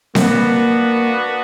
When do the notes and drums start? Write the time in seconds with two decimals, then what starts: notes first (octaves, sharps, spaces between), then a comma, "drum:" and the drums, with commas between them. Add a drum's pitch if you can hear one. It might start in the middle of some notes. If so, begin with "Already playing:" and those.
0.15 A#3 B3 D4 F#4 B4, drum: snare C4